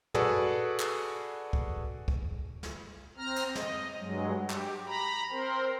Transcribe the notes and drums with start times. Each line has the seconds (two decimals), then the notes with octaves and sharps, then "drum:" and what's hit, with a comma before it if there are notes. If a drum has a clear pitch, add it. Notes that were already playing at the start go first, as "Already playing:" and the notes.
0.14 F#4 G#4 A4 B4 D5, drum: tom
0.80 drum: clap
1.53 drum: kick
2.08 drum: kick
2.63 drum: snare
3.17 C4 A#5 F6
3.36 drum: cymbal
3.55 D#5, drum: snare
3.98 G2 F#3 G#3
4.50 G4, drum: clap
4.86 A#5 B5
5.31 C4 A#4 C5